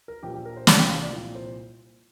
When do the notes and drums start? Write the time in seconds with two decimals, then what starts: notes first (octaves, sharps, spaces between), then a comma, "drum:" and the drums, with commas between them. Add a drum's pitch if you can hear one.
0.08 A#4
0.23 A#1 A#2 F3 G4
0.34 G4
0.46 A#4
0.57 C5
0.67 C2 C3 F3 D5, drum: snare
0.79 G5
0.90 F5
1.01 D5
1.13 C2 A#2 F3
1.35 C5